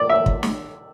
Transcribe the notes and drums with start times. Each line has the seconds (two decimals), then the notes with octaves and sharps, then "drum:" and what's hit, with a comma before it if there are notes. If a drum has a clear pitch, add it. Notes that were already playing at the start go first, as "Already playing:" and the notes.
Already playing: D5
0.09 E5
0.26 drum: kick
0.43 drum: snare